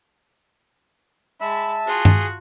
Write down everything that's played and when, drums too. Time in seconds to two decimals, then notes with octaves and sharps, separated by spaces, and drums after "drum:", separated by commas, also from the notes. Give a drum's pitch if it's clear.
1.41 G#3 E5 A5 B5
1.87 F4 F#4 G#4
2.05 drum: tom G2